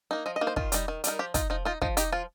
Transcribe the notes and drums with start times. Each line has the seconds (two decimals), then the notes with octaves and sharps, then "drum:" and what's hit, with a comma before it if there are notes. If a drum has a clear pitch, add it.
0.11 A#3 D#4
0.26 F3 D#5
0.36 D#5
0.41 A#3 D#4
0.47 C5
0.56 D#3 F4, drum: kick
0.72 G3 D#4, drum: hi-hat
0.88 D#3
1.04 G3 D#4 A#4, drum: hi-hat
1.19 F3 G4
1.34 D#4 F4, drum: kick, hi-hat
1.50 F3 D#4
1.65 D#4 F4
1.82 F3 D#4, drum: kick
1.97 D#4 G4, drum: hi-hat
2.12 F3 F4